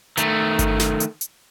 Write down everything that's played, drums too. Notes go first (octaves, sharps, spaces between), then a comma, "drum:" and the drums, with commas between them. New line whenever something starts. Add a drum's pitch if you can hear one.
D#3 A3, drum: hi-hat
drum: kick G1, hi-hat
drum: snare
drum: hi-hat
drum: hi-hat